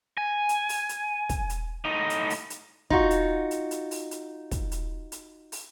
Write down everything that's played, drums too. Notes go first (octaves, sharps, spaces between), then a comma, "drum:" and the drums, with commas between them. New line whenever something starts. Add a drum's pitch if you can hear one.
G#5
drum: hi-hat
drum: open hi-hat
drum: hi-hat
drum: kick, hi-hat
drum: hi-hat
A2 D#4
drum: hi-hat
drum: open hi-hat
drum: hi-hat
D#4 F4 F#4, drum: kick
drum: hi-hat
drum: hi-hat
drum: hi-hat
drum: open hi-hat
drum: hi-hat
drum: kick, hi-hat
drum: hi-hat
drum: hi-hat
drum: open hi-hat